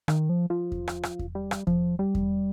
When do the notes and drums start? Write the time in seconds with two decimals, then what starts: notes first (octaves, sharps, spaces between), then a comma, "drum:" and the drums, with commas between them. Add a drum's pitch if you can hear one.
0.08 D#3, drum: rim click
0.29 F3
0.50 F3
0.72 drum: kick E2
0.88 drum: rim click
1.03 drum: rim click
1.19 drum: kick E2
1.35 G3
1.51 drum: rim click
1.67 F3, drum: kick E2
1.99 G3
2.15 drum: kick E2